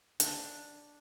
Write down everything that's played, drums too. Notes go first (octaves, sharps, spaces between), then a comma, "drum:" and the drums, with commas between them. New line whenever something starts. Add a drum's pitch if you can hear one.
D4, drum: hi-hat